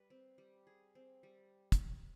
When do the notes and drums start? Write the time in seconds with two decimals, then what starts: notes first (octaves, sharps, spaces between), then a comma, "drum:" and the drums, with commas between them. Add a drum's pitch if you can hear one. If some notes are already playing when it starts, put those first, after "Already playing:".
Already playing: G3 B4
0.10 C4
0.38 G3
0.67 G#4
0.95 C4
1.23 G3
1.72 drum: kick, hi-hat